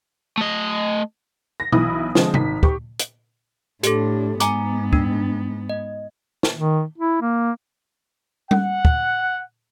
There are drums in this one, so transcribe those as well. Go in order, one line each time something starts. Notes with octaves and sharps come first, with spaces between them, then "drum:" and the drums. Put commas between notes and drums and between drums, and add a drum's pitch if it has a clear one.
A3 D#5
A#6
B1 E3 E4 D#6, drum: tom B2
D3 F3 G#3 C4 G#4, drum: snare
G#1 D#3 B6, drum: tom C3
G4 C#6, drum: kick
drum: hi-hat
A2 D4 G4 A4, drum: hi-hat
G#2 B3 G#5 A#5 D6, drum: hi-hat
D4, drum: kick
D#5
drum: snare
D#3
E4
A#3
F#5, drum: tom G3
drum: kick